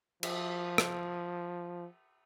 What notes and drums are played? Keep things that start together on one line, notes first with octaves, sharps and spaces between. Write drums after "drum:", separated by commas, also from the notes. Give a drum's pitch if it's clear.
F3, drum: cymbal
drum: rim click